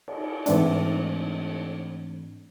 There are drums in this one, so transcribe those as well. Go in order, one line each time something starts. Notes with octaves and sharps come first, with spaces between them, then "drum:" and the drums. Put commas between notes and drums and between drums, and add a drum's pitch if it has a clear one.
drum: cymbal
G#2 E3 A3 C4 D4, drum: hi-hat